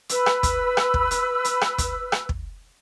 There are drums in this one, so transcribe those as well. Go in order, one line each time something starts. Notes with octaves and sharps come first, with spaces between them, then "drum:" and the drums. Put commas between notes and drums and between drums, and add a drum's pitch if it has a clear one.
B4 E6, drum: hi-hat
drum: rim click
drum: kick, hi-hat
drum: rim click
drum: kick
drum: hi-hat
drum: hi-hat
drum: rim click
drum: kick, hi-hat
drum: rim click
drum: kick